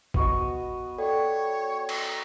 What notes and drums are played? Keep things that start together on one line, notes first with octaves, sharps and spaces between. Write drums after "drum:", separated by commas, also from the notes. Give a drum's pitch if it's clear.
B3 F#4 D#5, drum: kick
A4 C#5 D5 F#5 G5
drum: cymbal